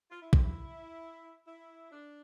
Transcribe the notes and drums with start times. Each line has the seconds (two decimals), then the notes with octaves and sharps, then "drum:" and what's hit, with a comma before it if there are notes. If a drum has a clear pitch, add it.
0.10 F4
0.22 E4
0.33 C4, drum: kick A#1
0.44 E4
1.46 E4
1.91 D4